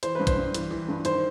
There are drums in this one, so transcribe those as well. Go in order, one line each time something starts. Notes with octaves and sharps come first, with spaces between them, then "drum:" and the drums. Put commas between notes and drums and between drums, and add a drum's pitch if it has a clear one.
E3 C5, drum: hi-hat
G2 B4
C5, drum: kick A#1, hi-hat
G2
E3, drum: hi-hat
E3
G2
D#3 C5, drum: hi-hat